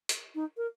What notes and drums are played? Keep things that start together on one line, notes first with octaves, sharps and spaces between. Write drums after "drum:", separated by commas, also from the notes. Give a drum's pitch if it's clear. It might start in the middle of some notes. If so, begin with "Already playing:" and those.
drum: hi-hat
D#4
A#4